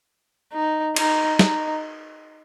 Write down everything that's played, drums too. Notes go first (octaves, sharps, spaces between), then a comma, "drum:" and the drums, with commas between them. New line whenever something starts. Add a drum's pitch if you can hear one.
D#4
D#4, drum: cymbal
D#4, drum: snare